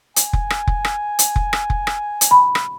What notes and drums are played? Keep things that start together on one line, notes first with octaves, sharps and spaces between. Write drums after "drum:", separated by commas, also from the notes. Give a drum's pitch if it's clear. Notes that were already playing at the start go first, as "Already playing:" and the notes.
G#5, drum: hi-hat
drum: kick F1
drum: rim click
drum: kick F1
drum: rim click
drum: hi-hat
drum: kick F1
drum: rim click
drum: kick F1
drum: rim click
drum: hi-hat
B5
drum: rim click